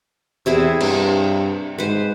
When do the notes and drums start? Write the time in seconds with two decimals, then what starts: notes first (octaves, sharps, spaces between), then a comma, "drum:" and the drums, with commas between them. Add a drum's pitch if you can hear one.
0.46 E2 C3 E4 G#4
0.81 G2, drum: cymbal
1.78 G#2 B4 C5